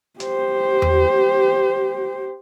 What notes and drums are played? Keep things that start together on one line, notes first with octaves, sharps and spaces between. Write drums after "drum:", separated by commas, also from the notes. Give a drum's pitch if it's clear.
G4 C5, drum: hi-hat
drum: tom E2